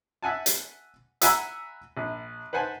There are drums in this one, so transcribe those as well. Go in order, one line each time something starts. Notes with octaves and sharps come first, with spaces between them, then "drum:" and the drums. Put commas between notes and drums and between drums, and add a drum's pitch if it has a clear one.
E5 F#5 G#5 A5
drum: hi-hat
E5 F#5 G#5 A#5 B5 E6, drum: hi-hat
A#1
B4 C5 F#5 G#5 A5